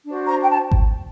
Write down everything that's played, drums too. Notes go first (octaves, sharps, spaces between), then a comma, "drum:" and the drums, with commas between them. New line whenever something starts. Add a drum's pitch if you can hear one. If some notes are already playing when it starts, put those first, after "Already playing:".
D4 F#4 C5
A#5
G5
A5
drum: kick G#1